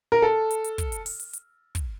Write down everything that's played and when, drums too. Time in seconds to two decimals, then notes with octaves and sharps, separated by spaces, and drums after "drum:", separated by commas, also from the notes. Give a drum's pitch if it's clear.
0.12 A#4
0.22 A4
0.51 drum: hi-hat
0.64 drum: hi-hat
0.78 drum: kick, hi-hat
0.92 drum: hi-hat
1.06 drum: open hi-hat
1.20 drum: hi-hat
1.33 drum: hi-hat
1.75 drum: kick, hi-hat